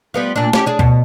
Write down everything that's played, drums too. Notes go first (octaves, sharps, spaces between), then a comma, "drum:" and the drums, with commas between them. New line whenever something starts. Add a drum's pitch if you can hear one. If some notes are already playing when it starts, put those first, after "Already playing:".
G3 B3 F4
A#2 D4
C#4 G4, drum: snare
D4 G#4
B2, drum: kick D2